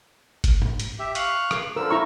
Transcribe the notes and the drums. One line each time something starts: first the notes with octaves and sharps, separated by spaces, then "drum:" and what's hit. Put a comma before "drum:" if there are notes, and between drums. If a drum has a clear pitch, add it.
drum: kick F#1, hi-hat
drum: tom G#2
drum: hi-hat
G4 E5
F5 C#6 F#6, drum: hi-hat
drum: rim click
D3 F3 A#4 E6
E4 A#5 C#6